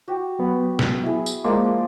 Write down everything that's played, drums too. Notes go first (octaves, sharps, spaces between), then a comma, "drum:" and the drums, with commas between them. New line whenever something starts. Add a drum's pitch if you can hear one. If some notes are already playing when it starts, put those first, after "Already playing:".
F#4 G4
F#3 B3
drum: snare
E4 G#4
drum: tambourine
F3 G#3 A#3 D5 C6